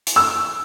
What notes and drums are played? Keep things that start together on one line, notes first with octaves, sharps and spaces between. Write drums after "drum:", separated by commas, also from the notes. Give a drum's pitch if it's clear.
drum: hi-hat
E6